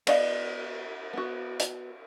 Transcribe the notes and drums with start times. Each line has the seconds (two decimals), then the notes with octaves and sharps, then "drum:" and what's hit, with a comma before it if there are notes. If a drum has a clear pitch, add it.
0.07 B3 F#4 D5 D#5 F5, drum: cymbal
1.13 B3 F#4
1.59 drum: hi-hat